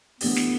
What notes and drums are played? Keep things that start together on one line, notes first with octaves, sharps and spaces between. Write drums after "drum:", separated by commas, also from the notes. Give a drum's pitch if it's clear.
E3 A3 B3 D4 G4, drum: open hi-hat
drum: snare